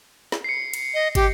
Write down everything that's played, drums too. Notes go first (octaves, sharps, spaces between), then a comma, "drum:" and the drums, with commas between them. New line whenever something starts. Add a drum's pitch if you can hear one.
drum: snare
C7 C#7
drum: cymbal
D#5
G4, drum: kick, cymbal